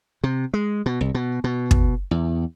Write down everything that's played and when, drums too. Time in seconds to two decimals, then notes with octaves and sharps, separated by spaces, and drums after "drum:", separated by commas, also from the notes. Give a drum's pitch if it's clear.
0.24 C3
0.54 G#3
0.86 B2
1.01 C2
1.14 B2
1.44 B2
1.71 drum: kick
2.11 E2